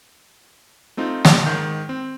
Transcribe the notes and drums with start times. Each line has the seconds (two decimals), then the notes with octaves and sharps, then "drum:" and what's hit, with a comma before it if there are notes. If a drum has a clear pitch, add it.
0.97 A3 C4 D#4 F4
1.25 A1, drum: snare
1.46 G#2 D#3 G6
1.89 C4